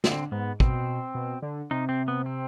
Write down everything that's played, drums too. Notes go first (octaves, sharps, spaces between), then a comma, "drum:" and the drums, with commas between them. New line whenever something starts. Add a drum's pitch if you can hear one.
D3 C4, drum: snare
G#2 B3
B2 C4, drum: kick
B2
D3
C3 D#4
C4
B3
C4